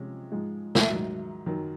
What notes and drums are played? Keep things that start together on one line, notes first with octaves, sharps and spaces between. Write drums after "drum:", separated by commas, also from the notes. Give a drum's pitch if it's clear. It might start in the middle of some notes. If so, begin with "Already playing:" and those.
Already playing: C3 F3 G#3 C#4
G#2 F3 G#3
drum: snare
G#2 D#3 F#3
F#2 D#3 F#3